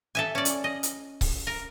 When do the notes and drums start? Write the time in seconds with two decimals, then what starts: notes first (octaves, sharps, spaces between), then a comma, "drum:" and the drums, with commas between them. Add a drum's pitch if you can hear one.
0.15 A4 E5 G#5
0.35 C#4 D5
0.45 drum: hi-hat
0.64 D#5
0.83 drum: hi-hat
1.21 drum: kick C#1, open hi-hat
1.47 A#4